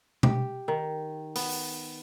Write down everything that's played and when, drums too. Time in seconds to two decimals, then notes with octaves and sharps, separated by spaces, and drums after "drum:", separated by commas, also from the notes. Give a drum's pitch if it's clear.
0.23 G4, drum: tom B2
0.68 D#3
1.35 B3, drum: open hi-hat